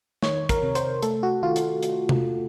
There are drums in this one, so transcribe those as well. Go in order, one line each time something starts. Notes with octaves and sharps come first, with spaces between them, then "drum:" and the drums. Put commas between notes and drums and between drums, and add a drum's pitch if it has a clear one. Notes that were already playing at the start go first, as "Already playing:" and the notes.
D#3 C#5, drum: snare
A#4, drum: kick, hi-hat
C3
C5, drum: hi-hat
A3 A4, drum: hi-hat
F#4
D#3 F4
drum: hi-hat
drum: hi-hat
drum: tom C3